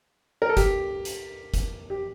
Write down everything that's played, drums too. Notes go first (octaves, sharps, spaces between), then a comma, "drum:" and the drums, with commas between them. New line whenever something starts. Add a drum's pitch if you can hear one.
A#4
A4
G4, drum: kick, hi-hat
drum: hi-hat
drum: kick, hi-hat
G4